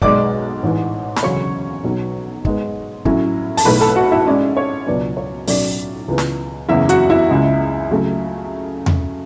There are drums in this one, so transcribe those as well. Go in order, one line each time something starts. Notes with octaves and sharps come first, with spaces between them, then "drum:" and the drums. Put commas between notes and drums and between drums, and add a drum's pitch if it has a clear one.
B1 B2 G#3 D5 D6, drum: kick
A1 G#2 E3
B5, drum: snare
E1 D2 C#3 F#3 C#4 C#5 C#6
B1 B2 F#3
G#2 G#3 B3, drum: kick
A2 F#3 C#4 E4, drum: kick
A5, drum: open hi-hat
B1 B2 A3 E4 B4 B5
A4 A5
F#4 F#5
E4 E5
G#2 G#3 C#4 E4 D5
C#5
C#2 B2 F#3 B3 D4 D5
C#5
B1 A2 F#3 C#4 E4 D5, drum: open hi-hat
C#2 C#3 E3 B3
drum: snare
F#1 E2 C#3 E4 E5
F#4 F#5, drum: hi-hat
E4 E5
C#2 C#3 G#3
C#3 F#3 A3
drum: tom E2